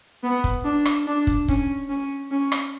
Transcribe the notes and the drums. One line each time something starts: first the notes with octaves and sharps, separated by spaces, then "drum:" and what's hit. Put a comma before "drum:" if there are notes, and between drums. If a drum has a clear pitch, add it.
B3
drum: kick
D4
drum: rim click
D4
drum: kick
C#4, drum: kick
C#4
C#4
drum: rim click